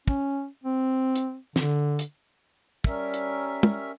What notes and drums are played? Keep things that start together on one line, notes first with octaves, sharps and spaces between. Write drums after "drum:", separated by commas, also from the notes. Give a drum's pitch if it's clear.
C#4, drum: kick
C4
drum: hi-hat
D3, drum: snare
drum: hi-hat
G3 C#4 A#4 E5, drum: kick
drum: hi-hat
drum: tom